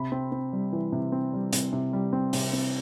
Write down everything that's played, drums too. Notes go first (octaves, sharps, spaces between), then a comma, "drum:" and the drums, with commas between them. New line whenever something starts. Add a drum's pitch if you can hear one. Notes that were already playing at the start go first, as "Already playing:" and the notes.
Already playing: C3 B5
C4
C4
G3
E3
C3
C4
G3
C3, drum: hi-hat
C3
G3
C4
C3, drum: open hi-hat
C4